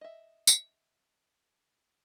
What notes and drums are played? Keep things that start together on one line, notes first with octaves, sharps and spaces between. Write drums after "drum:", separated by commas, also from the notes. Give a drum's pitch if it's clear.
D#5 E5
drum: tambourine